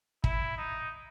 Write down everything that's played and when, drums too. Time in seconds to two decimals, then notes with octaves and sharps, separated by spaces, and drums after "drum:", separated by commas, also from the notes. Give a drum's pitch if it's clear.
0.24 E4, drum: kick
0.57 D#4